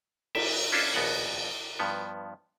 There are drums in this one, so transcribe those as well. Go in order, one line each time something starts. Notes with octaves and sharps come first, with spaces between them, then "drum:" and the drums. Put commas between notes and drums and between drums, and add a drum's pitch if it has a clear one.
E5 G5, drum: cymbal
C#4 D4 E4 F4 A4 C5
A#1 D#2 B3 F#4 A#4 F#5
G2 F3 B3